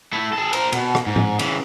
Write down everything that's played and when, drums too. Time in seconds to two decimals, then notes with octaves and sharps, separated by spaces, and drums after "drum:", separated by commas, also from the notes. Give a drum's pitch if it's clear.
0.13 A3 E4
0.33 G#4 A4
0.53 A#4 C5, drum: cymbal
0.72 B2, drum: cymbal
0.95 drum: rim click
1.06 G#2
1.16 drum: tom A2
1.39 C#3 E3, drum: cymbal